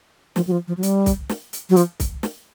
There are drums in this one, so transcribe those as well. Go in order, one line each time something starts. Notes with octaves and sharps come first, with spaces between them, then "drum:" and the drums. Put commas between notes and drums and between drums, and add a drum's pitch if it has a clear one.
F3, drum: snare
F#3
F3
F3
F#3
G3, drum: hi-hat
drum: kick C2, hi-hat
drum: snare
drum: hi-hat
F#3
F3, drum: hi-hat
drum: kick C2, hi-hat
drum: snare